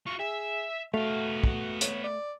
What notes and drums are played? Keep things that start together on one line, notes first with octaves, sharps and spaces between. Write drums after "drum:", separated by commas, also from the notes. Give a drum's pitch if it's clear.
F4 F#4 C#6
G#4 E5
A3 B3 F#4 F5
drum: kick
C#5, drum: hi-hat
D5